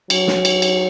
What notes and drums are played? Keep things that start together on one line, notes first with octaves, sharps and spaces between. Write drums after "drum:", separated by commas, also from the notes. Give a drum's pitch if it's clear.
F#3, drum: cymbal
drum: snare
drum: cymbal
drum: cymbal